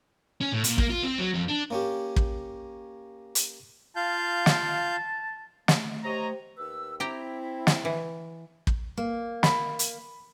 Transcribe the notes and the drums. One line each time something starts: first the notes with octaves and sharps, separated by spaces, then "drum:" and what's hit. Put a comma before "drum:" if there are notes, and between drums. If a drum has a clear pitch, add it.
C#4
A2
A#2, drum: hi-hat
A#3, drum: kick
F4
C4
F#3
F2
D4
A#3 C#4 G4
drum: kick
drum: hi-hat
F4 F5 A5 G6
drum: snare
A3, drum: snare
G4 C5 C#5 D#5 A#5
D#2 B4 E6
C4 E4 G4 G5 A#5
drum: snare
E3
drum: kick
A#3
B5, drum: snare
drum: hi-hat